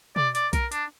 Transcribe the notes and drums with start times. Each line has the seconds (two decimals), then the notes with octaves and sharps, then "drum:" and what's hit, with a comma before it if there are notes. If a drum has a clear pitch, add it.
0.16 D5, drum: tom B2
0.35 D5, drum: hi-hat
0.53 A#4, drum: kick B1, hi-hat
0.72 D4, drum: hi-hat